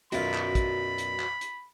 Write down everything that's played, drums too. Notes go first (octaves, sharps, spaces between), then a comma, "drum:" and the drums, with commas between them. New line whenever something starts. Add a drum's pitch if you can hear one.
B1 F#2 F4 F#4 B4 D5 B5, drum: hi-hat
drum: clap
drum: kick, hi-hat
drum: hi-hat
drum: clap
drum: hi-hat